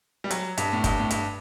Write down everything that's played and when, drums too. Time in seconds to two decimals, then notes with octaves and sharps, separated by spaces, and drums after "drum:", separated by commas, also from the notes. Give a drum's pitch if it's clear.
0.24 G3
0.31 F#3, drum: hi-hat
0.58 G2, drum: hi-hat
0.73 A2
0.84 G2, drum: kick, hi-hat
1.00 A2
1.10 G2, drum: hi-hat